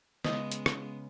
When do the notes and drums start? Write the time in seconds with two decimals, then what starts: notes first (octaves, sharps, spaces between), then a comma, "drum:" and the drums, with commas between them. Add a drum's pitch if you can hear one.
0.25 C#3 G#3 B3 D#5, drum: snare
0.52 drum: hi-hat
0.66 drum: rim click